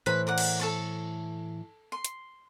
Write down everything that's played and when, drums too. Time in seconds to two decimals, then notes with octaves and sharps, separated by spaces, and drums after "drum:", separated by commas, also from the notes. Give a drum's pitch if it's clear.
0.06 A2 E3 B4 C5 B5
0.27 A#4 D5 F#5
0.38 drum: cymbal
0.60 A4 A5 C#6
1.92 C6
2.04 drum: hi-hat